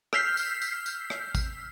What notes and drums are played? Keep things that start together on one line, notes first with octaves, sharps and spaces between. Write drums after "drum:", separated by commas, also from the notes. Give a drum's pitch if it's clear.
E6 F6 G6 B6 C7, drum: rim click
drum: tambourine
drum: tambourine
drum: tambourine
drum: rim click
drum: kick, tambourine